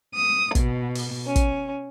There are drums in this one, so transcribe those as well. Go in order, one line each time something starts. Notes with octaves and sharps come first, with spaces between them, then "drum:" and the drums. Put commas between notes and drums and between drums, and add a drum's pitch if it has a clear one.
D#6
B2, drum: kick, hi-hat
drum: open hi-hat
C#4
drum: kick, hi-hat